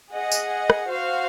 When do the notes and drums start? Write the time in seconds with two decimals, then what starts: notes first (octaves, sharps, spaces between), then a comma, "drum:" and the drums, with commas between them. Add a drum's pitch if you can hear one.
0.13 G#4 D#5 F#5
0.32 drum: tambourine
0.70 drum: rim click
0.89 F#4 C5 F5